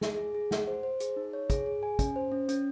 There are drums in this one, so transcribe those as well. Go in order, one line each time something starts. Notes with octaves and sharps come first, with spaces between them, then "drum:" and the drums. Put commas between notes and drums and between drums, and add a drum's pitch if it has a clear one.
G#4, drum: snare
G#4
G#4
F#5, drum: snare
C5
C5
G#4, drum: hi-hat
D#4
C#5
G#4, drum: kick, hi-hat
G#4
G#5
C#4, drum: kick, hi-hat
C5
C#4
C#4, drum: hi-hat